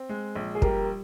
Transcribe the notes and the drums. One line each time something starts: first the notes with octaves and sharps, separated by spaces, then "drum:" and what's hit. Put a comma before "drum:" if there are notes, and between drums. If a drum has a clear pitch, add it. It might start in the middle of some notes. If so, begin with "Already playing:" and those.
Already playing: C4
G#3
A#1
G#4
G3 G4 A#4, drum: kick